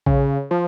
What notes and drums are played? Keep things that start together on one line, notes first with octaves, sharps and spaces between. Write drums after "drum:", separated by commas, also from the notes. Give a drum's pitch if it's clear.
C#3, drum: kick A#1
F3